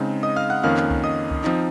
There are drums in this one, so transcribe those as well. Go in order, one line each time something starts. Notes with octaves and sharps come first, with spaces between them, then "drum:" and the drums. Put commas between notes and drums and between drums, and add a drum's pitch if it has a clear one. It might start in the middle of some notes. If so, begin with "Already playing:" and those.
Already playing: C#3 G#3 C4 D#4
D#5 D#6
F5 F6
F#5 F#6
F2 D#3 A#3 C#4 F5 F6
drum: clap
drum: kick C2
D#5 D#6
drum: kick C2
F3 C4 D#4, drum: clap